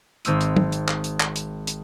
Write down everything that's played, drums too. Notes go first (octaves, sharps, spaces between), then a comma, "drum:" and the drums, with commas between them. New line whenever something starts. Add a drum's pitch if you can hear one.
G#1 C4 E6 D#7, drum: hi-hat
drum: hi-hat
drum: tom
drum: hi-hat
drum: clap
drum: hi-hat
drum: clap
drum: hi-hat
drum: hi-hat